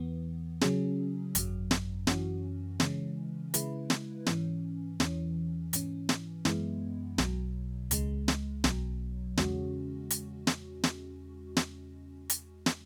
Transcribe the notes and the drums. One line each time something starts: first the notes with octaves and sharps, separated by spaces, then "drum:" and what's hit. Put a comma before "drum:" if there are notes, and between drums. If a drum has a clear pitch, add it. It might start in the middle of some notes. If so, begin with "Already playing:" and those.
Already playing: E2 E3 B3
C#3 F#3 C#4 G#4, drum: snare
G#1 F#2 F#3, drum: hi-hat
drum: snare
F#2 E3 C#4 F#4, drum: snare
C#3 E3 G#3 C#4, drum: snare
C#3 G#3 E4 B4, drum: hi-hat
drum: snare
G#2 E3 C#4, drum: snare
E2 E3 C#4, drum: snare
G#2 E3 C#4, drum: hi-hat
drum: snare
F#2 E3 G#3 B3 E4, drum: snare
B1 B2 F#3, drum: snare
C#2 C#3 G#3, drum: hi-hat
drum: snare
B1 B2 F#3, drum: snare
E2 C#3 G#3 C#4 F#4, drum: snare
drum: hi-hat
drum: snare
drum: snare
drum: snare
drum: hi-hat
drum: snare